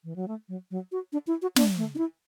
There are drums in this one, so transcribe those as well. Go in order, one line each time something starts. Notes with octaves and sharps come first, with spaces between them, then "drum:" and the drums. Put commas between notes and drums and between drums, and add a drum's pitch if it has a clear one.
E3
F#3
A3
F#3
F#3
F#4
D4
E4
F#4
D4, drum: snare
A3
D4
E4